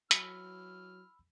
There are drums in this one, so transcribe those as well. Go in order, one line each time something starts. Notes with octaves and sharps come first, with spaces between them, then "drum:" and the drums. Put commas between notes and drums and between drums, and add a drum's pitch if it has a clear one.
E3 F#3 B5 E6 F6, drum: hi-hat